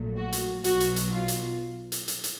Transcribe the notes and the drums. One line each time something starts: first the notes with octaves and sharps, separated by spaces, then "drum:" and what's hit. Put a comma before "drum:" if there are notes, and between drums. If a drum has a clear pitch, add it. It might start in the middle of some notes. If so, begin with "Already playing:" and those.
Already playing: A#1 A#2 F#3 A3
F#4
drum: hi-hat
B1 B2 F#3 F#4, drum: hi-hat
drum: hi-hat
drum: hi-hat
F4
drum: hi-hat
drum: hi-hat
drum: hi-hat
drum: hi-hat